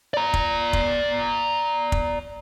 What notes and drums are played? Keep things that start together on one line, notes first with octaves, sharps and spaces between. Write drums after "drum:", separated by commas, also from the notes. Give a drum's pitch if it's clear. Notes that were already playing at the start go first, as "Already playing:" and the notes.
D5 A#5
drum: kick
drum: kick
drum: kick